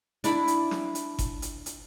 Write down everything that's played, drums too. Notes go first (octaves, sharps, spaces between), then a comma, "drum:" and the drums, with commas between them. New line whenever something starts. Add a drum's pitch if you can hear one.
D4 E4 D5 B5, drum: hi-hat
drum: hi-hat
drum: snare
drum: hi-hat
drum: kick G1, hi-hat
drum: hi-hat
drum: hi-hat